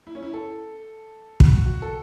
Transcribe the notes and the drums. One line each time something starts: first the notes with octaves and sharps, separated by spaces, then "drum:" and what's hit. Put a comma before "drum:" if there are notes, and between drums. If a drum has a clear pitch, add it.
E4
C#4
E4
A4
F#4, drum: kick
F#4
A4